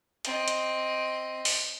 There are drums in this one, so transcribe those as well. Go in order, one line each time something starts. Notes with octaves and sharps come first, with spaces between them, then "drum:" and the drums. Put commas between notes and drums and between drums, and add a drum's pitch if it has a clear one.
C4 D#5, drum: hi-hat
drum: hi-hat
drum: open hi-hat